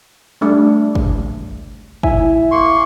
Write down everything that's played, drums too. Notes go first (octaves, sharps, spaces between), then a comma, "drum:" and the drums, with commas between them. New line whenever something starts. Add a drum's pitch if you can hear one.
G3 A3 D4
drum: kick
E4 E5 G#5, drum: kick
A#3 C6 C#6